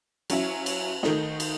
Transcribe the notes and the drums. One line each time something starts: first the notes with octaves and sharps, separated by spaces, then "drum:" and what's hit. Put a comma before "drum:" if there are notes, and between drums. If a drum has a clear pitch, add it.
F#3 C#4 E4, drum: cymbal
drum: cymbal
D#3 A3 D#4, drum: snare
drum: cymbal